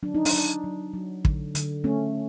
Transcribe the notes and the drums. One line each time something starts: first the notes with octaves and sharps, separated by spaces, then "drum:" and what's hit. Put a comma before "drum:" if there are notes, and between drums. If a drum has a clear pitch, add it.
F#3 D4
D#4
D4, drum: open hi-hat
F#3
F#3
F#3
D3, drum: kick
D3, drum: hi-hat
A3 C#4